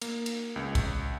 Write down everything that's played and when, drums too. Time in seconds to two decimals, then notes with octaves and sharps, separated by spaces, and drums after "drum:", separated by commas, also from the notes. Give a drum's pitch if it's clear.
0.01 A#3, drum: cymbal
0.26 drum: cymbal
0.56 C#2
0.75 drum: kick, cymbal